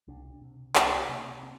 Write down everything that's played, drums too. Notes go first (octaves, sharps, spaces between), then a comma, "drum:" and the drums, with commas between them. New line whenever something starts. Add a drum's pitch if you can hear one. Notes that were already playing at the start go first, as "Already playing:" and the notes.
C2 D4
C3
C2 A#3, drum: clap
C4
C3 A#3
C4
C4